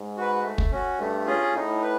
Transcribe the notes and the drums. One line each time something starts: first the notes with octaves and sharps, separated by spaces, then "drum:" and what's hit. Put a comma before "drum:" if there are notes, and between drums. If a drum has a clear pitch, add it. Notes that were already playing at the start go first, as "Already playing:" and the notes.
Already playing: G#2
F#4 B4
A3
drum: kick
C#4 F#4
G2 A3
C#4 F4 G#4
A2 D#4
B4